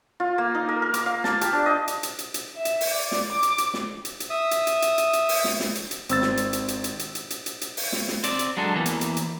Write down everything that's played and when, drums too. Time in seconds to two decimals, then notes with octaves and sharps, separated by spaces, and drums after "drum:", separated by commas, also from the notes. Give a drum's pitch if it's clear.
0.20 F4
0.38 A#3
0.55 D#4
0.69 A#4
0.82 A#4
0.94 D6, drum: hi-hat
1.06 F5
1.24 A5, drum: snare
1.41 G4, drum: hi-hat
1.53 D4
1.66 D#5
1.88 drum: hi-hat
2.03 drum: hi-hat
2.19 drum: hi-hat
2.34 drum: hi-hat
2.56 E5
2.65 drum: hi-hat
2.81 drum: open hi-hat
2.91 D5
3.12 drum: snare
3.32 D6
3.43 drum: hi-hat
3.58 drum: hi-hat
3.74 drum: snare
4.05 drum: hi-hat
4.20 drum: hi-hat
4.30 E5 D#6
4.51 drum: hi-hat
4.67 drum: hi-hat
4.82 drum: hi-hat
4.98 drum: hi-hat
5.13 drum: hi-hat
5.29 drum: open hi-hat
5.44 drum: snare
5.60 drum: snare
5.75 drum: hi-hat
5.91 drum: hi-hat
6.09 G#1 C4 E6 A6, drum: hi-hat
6.22 drum: snare
6.37 drum: hi-hat
6.53 drum: hi-hat
6.68 drum: hi-hat
6.84 drum: hi-hat
6.99 drum: hi-hat
7.15 drum: hi-hat
7.30 drum: hi-hat
7.46 drum: hi-hat
7.61 drum: hi-hat
7.77 drum: open hi-hat
7.92 drum: snare
8.08 drum: snare
8.24 C4 D5, drum: hi-hat
8.39 drum: hi-hat
8.57 F#3 G#3 D4 A4
8.75 E2 E3 A#3
8.86 drum: hi-hat
9.01 drum: hi-hat
9.17 drum: hi-hat